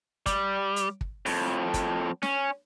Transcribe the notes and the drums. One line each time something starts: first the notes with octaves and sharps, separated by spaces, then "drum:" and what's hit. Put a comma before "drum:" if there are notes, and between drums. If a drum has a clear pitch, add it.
G3, drum: kick, hi-hat
drum: hi-hat
drum: kick
F2 A2, drum: open hi-hat
drum: kick, hi-hat
C#4, drum: snare